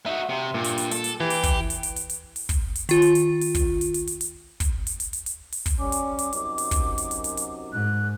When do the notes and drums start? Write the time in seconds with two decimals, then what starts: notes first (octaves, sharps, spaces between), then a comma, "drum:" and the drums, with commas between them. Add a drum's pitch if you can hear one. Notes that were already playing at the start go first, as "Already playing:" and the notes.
0.06 D#4 F#4 E5
0.29 C3
0.54 G2 A#2
0.64 drum: hi-hat
0.78 drum: hi-hat
0.91 A4, drum: hi-hat
1.04 drum: hi-hat
1.20 E3 G4
1.30 drum: open hi-hat
1.44 drum: kick, hi-hat
1.70 drum: hi-hat
1.83 drum: hi-hat
1.96 drum: hi-hat
2.10 drum: hi-hat
2.36 drum: open hi-hat
2.49 drum: kick, hi-hat
2.75 drum: hi-hat
2.89 D#3 F4, drum: hi-hat
3.02 drum: hi-hat
3.15 drum: hi-hat
3.41 drum: open hi-hat
3.55 drum: kick, hi-hat
3.81 drum: hi-hat
3.94 drum: hi-hat
4.07 drum: hi-hat
4.21 drum: hi-hat
4.60 drum: kick, hi-hat
4.87 drum: hi-hat
5.00 drum: hi-hat
5.13 drum: hi-hat
5.26 drum: hi-hat
5.53 drum: open hi-hat
5.66 drum: kick, hi-hat
5.79 G3 C#4 D6
5.92 drum: hi-hat
6.19 drum: hi-hat
6.33 F#2 C3 D#4, drum: hi-hat
6.58 drum: open hi-hat
6.71 drum: kick, hi-hat
6.98 drum: hi-hat
7.11 drum: hi-hat
7.24 drum: hi-hat
7.37 drum: hi-hat
7.73 G#2 F#6